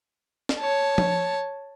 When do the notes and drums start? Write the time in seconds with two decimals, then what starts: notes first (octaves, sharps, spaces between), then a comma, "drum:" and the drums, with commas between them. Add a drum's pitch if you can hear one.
0.49 drum: snare
0.59 C#5 A5
0.98 drum: tom F3